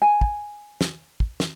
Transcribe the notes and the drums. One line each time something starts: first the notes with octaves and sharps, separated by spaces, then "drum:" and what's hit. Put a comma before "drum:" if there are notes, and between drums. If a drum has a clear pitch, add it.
G#5
drum: kick
drum: snare
drum: kick
drum: snare